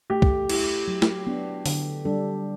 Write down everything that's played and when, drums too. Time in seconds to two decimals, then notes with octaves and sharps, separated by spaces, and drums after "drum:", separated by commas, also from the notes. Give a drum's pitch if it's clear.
0.10 A3 G4
0.22 drum: kick
0.49 E4 G4, drum: cymbal
0.88 F#3
1.02 drum: snare
1.27 B3 D4
1.66 D3, drum: open hi-hat
2.05 G3 D4 A4